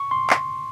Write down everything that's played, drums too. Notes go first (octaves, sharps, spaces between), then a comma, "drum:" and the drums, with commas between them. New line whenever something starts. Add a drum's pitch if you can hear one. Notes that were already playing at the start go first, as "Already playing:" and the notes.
Already playing: C#6
C6
drum: clap